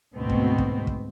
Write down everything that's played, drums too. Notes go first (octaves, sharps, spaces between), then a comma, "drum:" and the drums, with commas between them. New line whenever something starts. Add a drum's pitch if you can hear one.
D2 G#2 B2 B3 C4
drum: kick
drum: kick
drum: kick